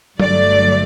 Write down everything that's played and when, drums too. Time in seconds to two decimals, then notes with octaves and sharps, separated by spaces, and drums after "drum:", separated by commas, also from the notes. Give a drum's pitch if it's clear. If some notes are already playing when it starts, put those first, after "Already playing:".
0.20 G1 G2 F#3 A3 D5, drum: tom F#3